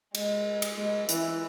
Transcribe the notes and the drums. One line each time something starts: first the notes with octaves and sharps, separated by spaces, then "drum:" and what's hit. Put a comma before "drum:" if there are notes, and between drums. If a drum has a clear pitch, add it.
G#3, drum: cymbal
drum: cymbal
G#3
E3, drum: hi-hat